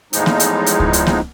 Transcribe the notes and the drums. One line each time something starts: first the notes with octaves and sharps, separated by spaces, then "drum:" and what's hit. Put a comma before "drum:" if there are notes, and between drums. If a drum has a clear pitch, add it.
E2 A2 F3 G#3 D#4, drum: hi-hat
drum: snare A#3
drum: hi-hat
drum: hi-hat
drum: kick C#2
drum: hi-hat
drum: snare A#3